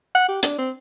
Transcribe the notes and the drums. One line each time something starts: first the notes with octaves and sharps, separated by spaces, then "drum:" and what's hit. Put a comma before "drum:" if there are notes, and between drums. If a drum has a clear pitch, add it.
F#5
G4
D4, drum: hi-hat
C4